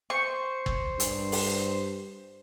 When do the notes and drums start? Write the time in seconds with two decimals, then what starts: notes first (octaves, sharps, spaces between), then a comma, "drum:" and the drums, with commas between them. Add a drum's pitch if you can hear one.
0.10 C5 C#6
0.66 drum: kick
1.00 G2, drum: hi-hat
1.32 drum: open hi-hat